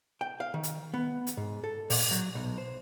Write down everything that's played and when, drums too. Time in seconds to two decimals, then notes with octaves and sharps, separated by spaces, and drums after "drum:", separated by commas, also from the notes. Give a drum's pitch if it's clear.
0.21 G5
0.40 F5
0.54 D#3
0.63 drum: hi-hat
0.94 B3
1.27 drum: hi-hat
1.37 G#2
1.64 A4
1.90 A#2, drum: open hi-hat
2.11 F#3
2.35 B1
2.58 C5